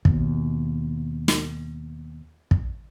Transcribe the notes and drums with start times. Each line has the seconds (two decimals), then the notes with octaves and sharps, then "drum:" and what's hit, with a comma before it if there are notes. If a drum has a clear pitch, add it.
0.05 D#2 B2, drum: kick
1.28 drum: snare
2.51 drum: kick